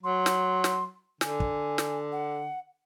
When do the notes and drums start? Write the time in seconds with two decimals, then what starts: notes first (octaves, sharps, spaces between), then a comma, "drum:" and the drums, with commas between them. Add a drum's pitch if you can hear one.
0.03 F#3 C6
0.26 drum: snare
0.64 drum: snare
1.21 D3 G#5, drum: snare
1.40 drum: kick
1.78 drum: snare
2.12 F#5